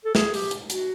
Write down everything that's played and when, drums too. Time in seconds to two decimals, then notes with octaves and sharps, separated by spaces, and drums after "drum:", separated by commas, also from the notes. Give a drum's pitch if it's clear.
0.05 A4
0.15 G#4, drum: snare
0.34 G4, drum: open hi-hat
0.51 drum: hi-hat
0.70 F#4, drum: hi-hat